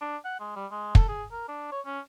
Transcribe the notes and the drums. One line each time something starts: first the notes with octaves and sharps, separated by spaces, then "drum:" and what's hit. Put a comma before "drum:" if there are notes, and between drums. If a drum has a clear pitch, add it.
D4
F#5
G#3
G3
G#3
A4, drum: kick
G#4
A#4
D4
C#5
C#4